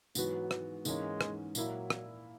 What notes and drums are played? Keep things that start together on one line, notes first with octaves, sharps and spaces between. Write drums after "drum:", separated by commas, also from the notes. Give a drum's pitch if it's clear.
G#2 E3 F#3 B3 F#4, drum: tambourine
drum: rim click
G#2 E3 G#3 A#3 C#4, drum: tambourine
drum: rim click
A#2 F#3 A#3 E4, drum: tambourine
drum: rim click